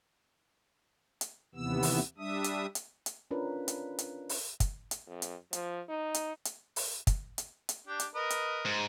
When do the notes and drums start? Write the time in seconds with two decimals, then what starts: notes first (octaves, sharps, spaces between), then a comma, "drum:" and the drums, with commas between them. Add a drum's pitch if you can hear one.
1.21 drum: hi-hat
1.55 D#2 C3 E3 B3 E6
1.83 drum: open hi-hat
2.18 G3 D4 E5 D#6
2.44 drum: hi-hat
2.75 drum: hi-hat
3.06 drum: hi-hat
3.31 C#4 D4 F4 A#4 B4
3.68 drum: hi-hat
3.99 drum: hi-hat
4.29 drum: open hi-hat
4.60 drum: kick, hi-hat
4.91 drum: hi-hat
5.07 F2
5.22 drum: hi-hat
5.53 F3, drum: hi-hat
5.89 D#4
6.14 drum: hi-hat
6.45 drum: hi-hat
6.76 drum: open hi-hat
7.07 drum: kick, hi-hat
7.38 drum: hi-hat
7.69 drum: hi-hat
7.87 D4 G4
8.00 drum: hi-hat
8.15 A#4 B4 D#5
8.30 drum: hi-hat
8.66 G#2